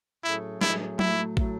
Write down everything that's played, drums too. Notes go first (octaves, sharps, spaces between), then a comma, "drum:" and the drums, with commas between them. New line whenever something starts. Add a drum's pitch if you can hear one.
A2 F#3 A3 C#4 E4 G#4
A2 F#3 A3 C#4 E4 G#4, drum: snare
A2 F#3 A3 E4, drum: tom
A2 F#3 A3, drum: kick